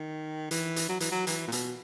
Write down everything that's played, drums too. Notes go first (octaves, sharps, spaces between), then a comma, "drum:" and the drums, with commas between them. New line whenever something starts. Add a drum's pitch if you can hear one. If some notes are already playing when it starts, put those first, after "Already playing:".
Already playing: D#3
E3, drum: hi-hat
drum: hi-hat
F#3
E3, drum: hi-hat
F#3
E3, drum: hi-hat
A#2
B2, drum: hi-hat